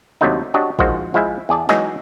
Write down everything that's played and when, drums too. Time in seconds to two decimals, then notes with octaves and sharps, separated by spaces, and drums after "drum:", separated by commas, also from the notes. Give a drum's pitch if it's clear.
0.21 D#2 C3 F#3 A3 D4 D#4
0.54 D4 F#4 G4 C#5 D#5
0.79 A#1 D#3 F3 G#3 F#4 C5, drum: kick
1.14 F3 G#3 E4 E5 G#5
1.49 E2 G#4 D5 A5
1.69 E3 F#3 G#3 D#4 G#4, drum: snare